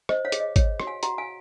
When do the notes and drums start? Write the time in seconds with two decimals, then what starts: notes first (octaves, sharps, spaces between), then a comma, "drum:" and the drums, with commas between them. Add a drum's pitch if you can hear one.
0.09 C5 D#5, drum: rim click
0.25 C#5 F5
0.32 G#4, drum: hi-hat
0.40 D#5
0.56 C#5, drum: kick, hi-hat
0.80 F#4, drum: rim click
0.87 F5 G#5
1.03 F#4 F#5 A#5, drum: hi-hat
1.18 F5 G#5